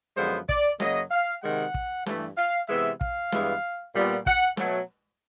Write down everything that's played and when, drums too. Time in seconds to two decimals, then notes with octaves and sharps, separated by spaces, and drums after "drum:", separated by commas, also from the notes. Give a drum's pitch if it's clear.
0.16 F#2 D3 F3 G#3 B3 C5
0.49 D5, drum: kick
0.80 F#2 C#3 F#3 A#3 D#5, drum: snare
1.11 F5
1.43 C3 D#3 G#3 F#5
1.74 drum: kick
2.06 G2 E3 A3, drum: snare
2.37 F5
2.68 C3 E3 G#3 B3 E5
3.01 F5, drum: kick
3.32 G2 E3 G#3 B3, drum: snare
3.95 A#2 G3 B3
4.26 F#5, drum: kick
4.57 B2 F#3 A3, drum: snare